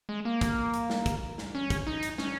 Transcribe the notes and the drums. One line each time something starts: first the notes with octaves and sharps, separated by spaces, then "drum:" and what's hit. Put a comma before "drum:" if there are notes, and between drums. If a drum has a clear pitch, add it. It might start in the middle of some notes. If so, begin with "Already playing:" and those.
G#3
A#3
drum: kick, hi-hat
drum: hi-hat
drum: snare
drum: kick, hi-hat
drum: snare
C#4
drum: kick, hi-hat
D#4
drum: hi-hat
C#4, drum: snare